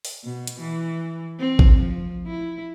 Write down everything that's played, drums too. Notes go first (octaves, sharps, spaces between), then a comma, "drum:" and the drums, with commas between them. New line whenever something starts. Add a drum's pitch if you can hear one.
drum: open hi-hat
B2
drum: hi-hat
E3
C4
drum: kick A1
F3
E4